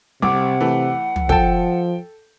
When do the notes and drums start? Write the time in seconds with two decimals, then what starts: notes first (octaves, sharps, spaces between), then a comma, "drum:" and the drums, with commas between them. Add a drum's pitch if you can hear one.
0.22 C2 C3 F#5 D6
0.61 E3 A3
1.16 drum: tom
1.29 F3 A4 G5 A5, drum: kick